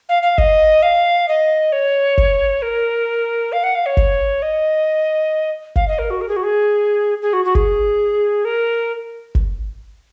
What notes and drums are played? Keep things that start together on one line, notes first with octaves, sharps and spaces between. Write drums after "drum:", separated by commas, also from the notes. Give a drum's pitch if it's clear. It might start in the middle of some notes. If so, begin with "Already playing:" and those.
F5
F5
D#5, drum: kick G1
F5
D#5
C#5
drum: kick G1
A#4
F5
F#5
F5
C#5
drum: kick G1
D#5
F5, drum: kick G1
D#5
A#4
F#4
A#4
G#4
F#4
G#4
G#4
F#4
F#4
G#4, drum: kick G1
A#4
drum: kick G1